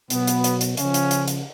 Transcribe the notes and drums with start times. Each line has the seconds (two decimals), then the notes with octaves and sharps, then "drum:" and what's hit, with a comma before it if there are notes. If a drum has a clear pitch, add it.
0.10 B2 F#3 B3, drum: hi-hat
0.27 drum: hi-hat
0.44 drum: hi-hat
0.61 drum: hi-hat
0.77 C#3 F3 C#4, drum: hi-hat
0.94 drum: hi-hat
1.11 drum: hi-hat
1.28 drum: hi-hat